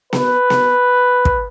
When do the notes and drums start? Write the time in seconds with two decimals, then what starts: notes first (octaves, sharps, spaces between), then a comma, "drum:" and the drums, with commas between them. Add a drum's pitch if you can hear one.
0.13 B4, drum: snare B3
0.50 drum: snare B3
1.25 drum: kick